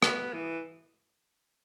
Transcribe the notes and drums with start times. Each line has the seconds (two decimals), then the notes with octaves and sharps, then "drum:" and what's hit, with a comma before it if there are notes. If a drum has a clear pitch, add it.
0.02 B3, drum: rim click
0.33 E3